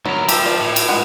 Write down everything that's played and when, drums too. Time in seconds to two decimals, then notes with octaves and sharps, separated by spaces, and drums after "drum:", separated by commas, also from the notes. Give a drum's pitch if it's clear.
0.05 D2 F#3 B3 A#4
0.29 F3 G4 A4, drum: cymbal
0.46 D5 G5
0.61 A2
0.76 drum: cymbal
0.88 G#3 F#5